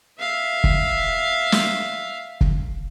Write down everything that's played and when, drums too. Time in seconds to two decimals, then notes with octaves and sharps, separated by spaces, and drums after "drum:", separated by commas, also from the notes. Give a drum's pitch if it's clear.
0.19 E5 F5
0.64 drum: kick
1.52 drum: snare
2.41 drum: kick